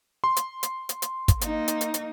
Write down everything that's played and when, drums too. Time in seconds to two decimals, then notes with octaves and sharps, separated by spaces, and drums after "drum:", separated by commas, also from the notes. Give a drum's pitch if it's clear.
0.24 C6
0.36 drum: hi-hat
0.63 drum: hi-hat
0.89 drum: hi-hat
1.02 drum: hi-hat
1.28 drum: kick, hi-hat
1.41 A#3 D#4, drum: hi-hat
1.68 drum: hi-hat
1.81 drum: hi-hat
1.94 drum: hi-hat